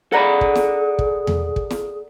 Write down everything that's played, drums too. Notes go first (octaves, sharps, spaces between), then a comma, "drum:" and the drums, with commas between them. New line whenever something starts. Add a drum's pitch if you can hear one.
G#4 A4 D5 F#5 A#5 B5
drum: kick
drum: snare
drum: kick
drum: tom E2
drum: kick
drum: snare